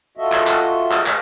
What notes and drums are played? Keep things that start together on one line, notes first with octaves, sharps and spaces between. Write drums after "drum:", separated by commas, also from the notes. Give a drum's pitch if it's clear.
F4 F#4 A4 D#5 E5
drum: clap
drum: clap
drum: clap
drum: clap